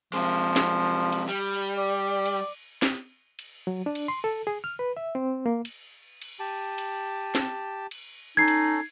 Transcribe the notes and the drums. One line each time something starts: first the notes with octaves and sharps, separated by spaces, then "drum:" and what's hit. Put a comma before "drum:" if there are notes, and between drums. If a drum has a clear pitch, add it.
C3 F3 G#3
drum: snare
drum: cymbal
G3
D5
drum: cymbal
drum: snare
drum: cymbal
F#3
D4
drum: cymbal
C6
A4
G#4
F6
B4
E5
C4
A#3
drum: cymbal
drum: cymbal
G4 A5
drum: cymbal
drum: snare
drum: cymbal
C#4 D#4 A4 G#6 C7
drum: cymbal